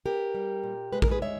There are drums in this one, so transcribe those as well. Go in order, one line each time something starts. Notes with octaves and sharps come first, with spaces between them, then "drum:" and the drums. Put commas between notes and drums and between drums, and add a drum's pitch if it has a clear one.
B3 G4 A#4
G3
A#2
G#3 B4
A#4, drum: kick
G#4 B4
G#3 C#5 E5